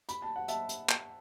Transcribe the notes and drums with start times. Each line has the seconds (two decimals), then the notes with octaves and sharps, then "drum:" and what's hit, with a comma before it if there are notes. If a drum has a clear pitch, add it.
0.09 B5, drum: hi-hat
0.22 A5
0.36 F#5
0.48 E5 A5, drum: hi-hat
0.69 drum: hi-hat
0.89 drum: clap